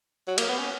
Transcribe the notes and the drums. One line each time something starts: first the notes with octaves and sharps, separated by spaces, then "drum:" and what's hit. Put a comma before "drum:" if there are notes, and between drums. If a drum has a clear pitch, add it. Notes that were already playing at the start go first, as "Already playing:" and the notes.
F#3
A#3, drum: cymbal
B3
C#4